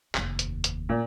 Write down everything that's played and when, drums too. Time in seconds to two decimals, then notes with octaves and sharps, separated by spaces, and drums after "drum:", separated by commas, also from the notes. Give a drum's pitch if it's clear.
0.15 F1 D#2, drum: clap
0.39 drum: hi-hat
0.64 drum: hi-hat
0.89 A#2